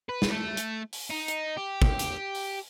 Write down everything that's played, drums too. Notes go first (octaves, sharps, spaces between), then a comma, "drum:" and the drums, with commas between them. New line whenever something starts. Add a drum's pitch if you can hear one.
B4
drum: snare
A3
drum: hi-hat
drum: open hi-hat
D#4
drum: hi-hat
G4
drum: kick
drum: hi-hat
drum: open hi-hat